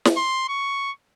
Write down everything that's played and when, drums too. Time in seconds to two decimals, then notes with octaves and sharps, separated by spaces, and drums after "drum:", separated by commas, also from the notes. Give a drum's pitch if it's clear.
0.05 drum: snare
0.17 C6
0.49 C#6